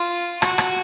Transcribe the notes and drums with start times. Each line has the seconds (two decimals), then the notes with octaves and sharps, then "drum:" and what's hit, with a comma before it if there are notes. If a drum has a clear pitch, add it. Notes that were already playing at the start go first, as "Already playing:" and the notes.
Already playing: F4
0.42 F#4, drum: rim click
0.58 drum: rim click